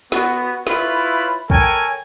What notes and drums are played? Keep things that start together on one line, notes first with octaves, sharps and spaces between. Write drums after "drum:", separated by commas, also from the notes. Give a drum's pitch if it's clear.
B3 F#4, drum: snare
E4 F4 B4 C#5 E5 B5, drum: snare
A4 A#4 C#5 G5 G#5, drum: kick